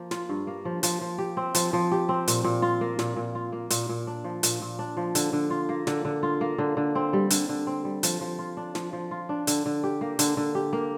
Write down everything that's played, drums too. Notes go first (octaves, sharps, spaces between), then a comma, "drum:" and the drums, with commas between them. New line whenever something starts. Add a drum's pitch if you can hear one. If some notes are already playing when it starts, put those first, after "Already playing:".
Already playing: F3 A#3
F4, drum: snare
G2
A#3
F3
F3, drum: hi-hat
F3
G4
C4
F3, drum: hi-hat
F3
G4
C4
A#2, drum: hi-hat
A#2
F4
A#3
A#2, drum: snare
A#2
F4
A#3
A#2, drum: hi-hat
A#2
D4
F3
A#2, drum: hi-hat
A#2
D4
F3
D3, drum: hi-hat
D3
F4
A#3
D3, drum: snare
D3
F4
A#3
D3
D3
C4
G3
D3, drum: hi-hat
D3
C4
G3
F3, drum: hi-hat
F3
F4
D4
F3, drum: snare
F3
F4
D4
D3, drum: hi-hat
D3
G4
A#3
D3, drum: hi-hat
D3
G4
A#3